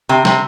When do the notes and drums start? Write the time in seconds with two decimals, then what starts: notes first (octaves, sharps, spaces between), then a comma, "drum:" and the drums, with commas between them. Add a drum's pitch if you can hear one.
0.09 C3
0.25 C3, drum: snare